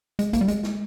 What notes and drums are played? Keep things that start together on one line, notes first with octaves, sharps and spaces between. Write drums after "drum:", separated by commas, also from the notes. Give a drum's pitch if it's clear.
G#3, drum: hi-hat
A#3, drum: kick A#1, hi-hat
G3
G#3, drum: hi-hat
drum: snare